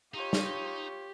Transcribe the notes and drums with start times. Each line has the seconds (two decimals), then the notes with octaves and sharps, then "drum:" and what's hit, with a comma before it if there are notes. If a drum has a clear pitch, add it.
0.14 D#4 F4 G4 C#5
0.33 drum: snare